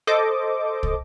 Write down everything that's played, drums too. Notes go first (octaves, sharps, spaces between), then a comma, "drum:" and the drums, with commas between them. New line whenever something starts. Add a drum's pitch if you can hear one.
A4 C5 D#5 D6
drum: kick